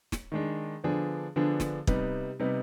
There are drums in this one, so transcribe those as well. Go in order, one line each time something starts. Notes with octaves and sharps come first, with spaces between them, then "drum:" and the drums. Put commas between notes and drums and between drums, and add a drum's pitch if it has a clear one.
drum: snare
D#3 G#3 D4
D3 F3 B3 D4 G#4
D3 F3 B3 D4 G#4
drum: snare
C3 G3 B3 D#4 B4, drum: kick
C3 G3 B3 D#4 B4